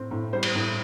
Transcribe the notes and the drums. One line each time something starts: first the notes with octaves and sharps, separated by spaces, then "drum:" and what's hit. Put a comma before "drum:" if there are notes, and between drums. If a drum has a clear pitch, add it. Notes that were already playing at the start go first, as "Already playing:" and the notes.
Already playing: A2 C4
A2
G3 C5
drum: cymbal
A2